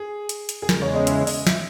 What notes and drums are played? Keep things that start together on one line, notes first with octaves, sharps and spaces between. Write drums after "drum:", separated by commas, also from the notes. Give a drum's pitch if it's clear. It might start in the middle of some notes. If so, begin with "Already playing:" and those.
Already playing: G#4
drum: hi-hat
drum: hi-hat
G#4
E2 C#3 G#3 A#4, drum: snare
C#5
D#5
E5, drum: hi-hat
D#5, drum: open hi-hat
E5, drum: snare